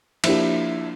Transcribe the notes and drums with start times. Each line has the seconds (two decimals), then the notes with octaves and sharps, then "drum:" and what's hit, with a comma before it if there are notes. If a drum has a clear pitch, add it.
0.24 F3 A#3 D4 E4 G4, drum: cymbal